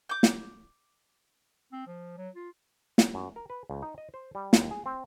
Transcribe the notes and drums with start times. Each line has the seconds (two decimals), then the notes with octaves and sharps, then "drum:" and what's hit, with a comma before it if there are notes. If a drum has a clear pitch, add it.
0.09 D6 G6
0.23 drum: snare
1.73 C4
1.87 F3
2.18 F#3
2.35 F4
2.98 drum: snare
3.14 F#2
3.36 A#4
3.50 B4
3.70 C#2
3.82 D#4
3.98 D#5
4.14 C5
4.35 G3
4.53 D#2, drum: snare
4.71 G#4
4.86 C4